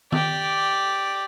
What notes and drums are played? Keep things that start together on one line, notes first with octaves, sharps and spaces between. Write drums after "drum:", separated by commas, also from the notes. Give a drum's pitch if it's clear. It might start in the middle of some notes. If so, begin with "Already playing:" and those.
G4 D5, drum: tom D#3